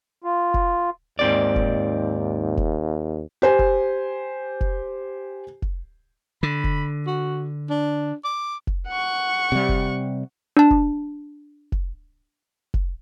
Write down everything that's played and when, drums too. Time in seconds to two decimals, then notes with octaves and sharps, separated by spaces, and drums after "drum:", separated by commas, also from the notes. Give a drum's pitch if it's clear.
0.24 F4
0.54 drum: kick F1
1.19 D#2 G#2 C4 D5
1.56 drum: kick F1
2.57 drum: kick F1
3.42 G4 C5 G#5
3.59 drum: kick F1
4.61 drum: kick F1
5.62 drum: kick F1
6.43 D3 B5
6.64 drum: kick F1
7.07 F#4
7.70 D4
8.24 D6
8.67 drum: kick F1
8.88 F#5 C#6
9.52 C3 G3
9.69 drum: kick F1
10.57 D4 A5
10.70 drum: kick F1
11.72 drum: kick F1
12.74 drum: kick F1